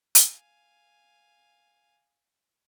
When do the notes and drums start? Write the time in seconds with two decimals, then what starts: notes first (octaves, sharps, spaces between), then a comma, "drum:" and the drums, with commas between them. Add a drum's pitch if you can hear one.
0.15 F5 G#5, drum: hi-hat